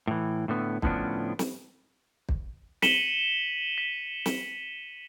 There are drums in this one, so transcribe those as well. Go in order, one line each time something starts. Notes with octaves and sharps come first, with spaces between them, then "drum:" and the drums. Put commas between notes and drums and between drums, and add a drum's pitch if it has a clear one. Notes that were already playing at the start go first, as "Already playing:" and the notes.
A2 E3
A2 D3 B3
A2 D3 F3 B3 C#4 D4, drum: kick
drum: snare
drum: kick
B6 C#7 D#7 E7 F#7 G7, drum: snare
B6
drum: snare